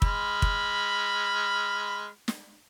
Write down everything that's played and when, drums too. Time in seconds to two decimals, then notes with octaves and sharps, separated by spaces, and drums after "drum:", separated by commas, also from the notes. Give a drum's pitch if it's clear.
0.02 G#3 B5 F6, drum: kick
0.42 drum: kick
2.28 drum: snare